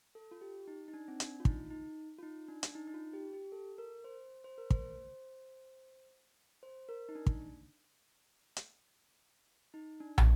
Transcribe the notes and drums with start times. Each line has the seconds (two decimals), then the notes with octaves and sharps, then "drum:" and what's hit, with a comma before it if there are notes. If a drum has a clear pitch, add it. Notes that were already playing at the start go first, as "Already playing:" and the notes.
0.15 A4
0.31 F4
0.41 G4
0.67 D#4
0.88 D#4
0.94 D4
1.08 C4
1.20 D4, drum: hi-hat
1.40 F4
1.45 D#4, drum: kick
1.71 D#4
2.19 F4
2.23 D#4
2.48 D4
2.63 D4, drum: hi-hat
2.75 D#4
2.88 D#4
2.94 F4
3.13 G4
3.33 G4
3.52 A4
3.78 A#4
4.04 C5
4.44 C5
4.58 A#4
4.70 C5, drum: kick
6.63 C5
6.89 A#4
7.09 D#4
7.15 D4
7.26 drum: kick
8.57 drum: hi-hat
9.74 D#4
10.00 D4
10.18 D4, drum: tom